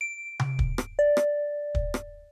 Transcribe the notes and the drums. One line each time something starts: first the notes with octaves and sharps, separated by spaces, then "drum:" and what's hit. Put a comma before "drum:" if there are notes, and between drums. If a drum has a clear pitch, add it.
D7
drum: tom C3
drum: kick
drum: rim click
D5
drum: rim click
drum: kick
drum: rim click